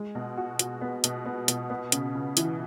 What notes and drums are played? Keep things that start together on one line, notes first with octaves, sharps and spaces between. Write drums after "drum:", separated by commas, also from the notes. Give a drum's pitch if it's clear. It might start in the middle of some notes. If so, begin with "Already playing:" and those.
Already playing: G#3
B2
F#4
F#4, drum: hi-hat
B3
B2, drum: hi-hat
B3
B2, drum: hi-hat
B3
C#3, drum: hi-hat
C#3
E3, drum: hi-hat